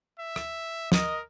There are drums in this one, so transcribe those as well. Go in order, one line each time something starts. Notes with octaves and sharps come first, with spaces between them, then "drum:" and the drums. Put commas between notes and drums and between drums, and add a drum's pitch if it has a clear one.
E5
drum: rim click
A#4 D#5, drum: snare